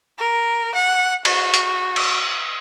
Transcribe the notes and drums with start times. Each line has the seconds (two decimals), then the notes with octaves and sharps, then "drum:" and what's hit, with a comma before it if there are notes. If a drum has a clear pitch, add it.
0.18 A#4
0.75 F#5
1.25 F#4, drum: cymbal
1.54 drum: hi-hat
1.96 drum: cymbal